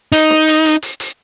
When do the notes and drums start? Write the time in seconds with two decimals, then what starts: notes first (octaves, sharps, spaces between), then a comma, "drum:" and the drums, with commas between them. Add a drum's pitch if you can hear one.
0.12 D#4, drum: hi-hat
0.30 drum: snare
0.48 drum: hi-hat
0.65 drum: hi-hat
0.82 drum: hi-hat
1.00 drum: hi-hat